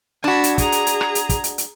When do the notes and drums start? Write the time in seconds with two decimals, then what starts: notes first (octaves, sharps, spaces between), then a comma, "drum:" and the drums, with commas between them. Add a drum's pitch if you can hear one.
0.24 D4 F#4 A5 B5 G#6
0.44 drum: hi-hat
0.58 G#4 A#5, drum: kick, hi-hat
0.72 drum: hi-hat
0.87 drum: hi-hat
1.01 drum: rim click
1.15 drum: hi-hat
1.29 drum: kick, hi-hat
1.44 drum: hi-hat
1.58 drum: hi-hat